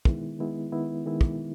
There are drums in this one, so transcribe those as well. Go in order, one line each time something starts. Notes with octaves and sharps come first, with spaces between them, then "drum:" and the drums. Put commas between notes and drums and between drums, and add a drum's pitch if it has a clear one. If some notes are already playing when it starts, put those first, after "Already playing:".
D#3 G#3 B3 E4, drum: kick
D#3 G#3 B3 E4
D#3 G#3 B3 E4
D#3 G#3 B3 E4
drum: kick